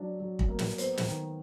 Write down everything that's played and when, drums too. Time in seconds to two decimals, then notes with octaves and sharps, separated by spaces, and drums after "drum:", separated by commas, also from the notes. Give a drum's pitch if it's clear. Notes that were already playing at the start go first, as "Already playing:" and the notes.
Already playing: F#3 D4
0.20 F#3
0.39 drum: kick
0.48 A#3
0.59 drum: snare
0.78 B3 C5, drum: hi-hat
0.97 drum: snare
1.07 D#3